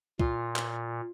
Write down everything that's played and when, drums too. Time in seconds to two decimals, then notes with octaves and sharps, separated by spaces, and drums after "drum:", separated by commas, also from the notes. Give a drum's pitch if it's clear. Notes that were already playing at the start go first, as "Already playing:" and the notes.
0.20 A#2 F4, drum: kick
0.56 drum: clap